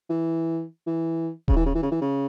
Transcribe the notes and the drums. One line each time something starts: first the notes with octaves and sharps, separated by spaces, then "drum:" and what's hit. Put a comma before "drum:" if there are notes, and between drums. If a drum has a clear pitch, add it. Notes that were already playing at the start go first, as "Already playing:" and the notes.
E3
E3
C#3, drum: kick D#1
E3
C#3
E3
C#3
E3
C#3